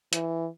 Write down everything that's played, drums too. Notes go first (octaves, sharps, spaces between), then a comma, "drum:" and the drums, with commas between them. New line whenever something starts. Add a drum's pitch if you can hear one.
E3, drum: hi-hat